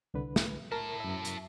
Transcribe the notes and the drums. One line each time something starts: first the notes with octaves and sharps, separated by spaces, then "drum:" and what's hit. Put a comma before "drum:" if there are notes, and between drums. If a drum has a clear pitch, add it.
C2 D3 B4
drum: snare
E4 A#4 A5
F#2 E5
drum: hi-hat